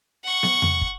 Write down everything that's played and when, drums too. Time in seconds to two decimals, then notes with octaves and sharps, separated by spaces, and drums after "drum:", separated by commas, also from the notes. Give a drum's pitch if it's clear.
0.24 F#5 C#6
0.43 drum: snare B3
0.62 drum: tom E2
0.81 drum: kick